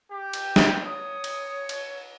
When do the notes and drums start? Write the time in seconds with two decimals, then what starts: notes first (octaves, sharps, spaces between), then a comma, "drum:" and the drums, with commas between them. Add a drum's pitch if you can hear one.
0.11 G4
0.33 drum: cymbal
0.56 drum: snare
0.85 C#5 D#6
1.24 drum: cymbal
1.69 drum: cymbal